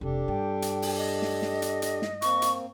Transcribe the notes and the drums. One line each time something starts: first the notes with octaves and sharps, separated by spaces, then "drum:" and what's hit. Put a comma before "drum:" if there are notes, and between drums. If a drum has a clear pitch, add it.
F1 C3 D4 G4 A4
G2 G5
drum: hi-hat
drum: open hi-hat
D#5
drum: snare
drum: snare
drum: hi-hat
drum: hi-hat
drum: snare
A#3 C4 C#6, drum: hi-hat
drum: hi-hat